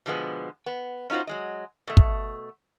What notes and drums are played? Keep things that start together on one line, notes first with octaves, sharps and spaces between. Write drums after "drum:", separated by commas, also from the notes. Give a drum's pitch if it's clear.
B2 D3 F3 G#3 B3
B3
C#4 D#4 F4 F#4 C5
F#3 G#3 D#5
B2 A3
drum: kick